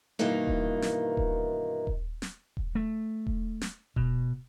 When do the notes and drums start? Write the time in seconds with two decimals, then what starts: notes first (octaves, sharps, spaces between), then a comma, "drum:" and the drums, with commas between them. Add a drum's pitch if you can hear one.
0.19 G2 B2 D#3 E3 A#3 D#4
0.47 drum: kick D#1
0.82 drum: snare
1.17 drum: kick D#1
1.87 drum: kick D#1
2.22 drum: snare
2.57 drum: kick D#1
2.75 A3
3.27 drum: kick D#1
3.61 drum: snare
3.96 B2, drum: kick D#1